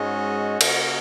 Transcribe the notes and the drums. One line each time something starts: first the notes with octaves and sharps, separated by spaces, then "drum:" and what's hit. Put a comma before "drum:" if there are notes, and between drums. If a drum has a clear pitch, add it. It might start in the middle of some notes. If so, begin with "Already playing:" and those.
Already playing: G#2 G#3 C#4 F#4 D#5
C#3 A#3 F#4 A#4 D#5, drum: cymbal